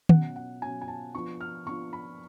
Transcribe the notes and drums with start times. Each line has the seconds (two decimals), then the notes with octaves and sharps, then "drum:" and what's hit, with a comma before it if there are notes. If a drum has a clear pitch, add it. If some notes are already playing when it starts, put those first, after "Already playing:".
0.09 B2 F#3 C#4 F#5, drum: tom D#3
0.36 F#5
0.62 B2 F#3 C#4 G#5
0.82 G#5
0.88 A5
1.14 F3 B3 D4 F4 C#6
1.41 F6
1.66 F3 B3 D4 F4 C#6
1.93 B5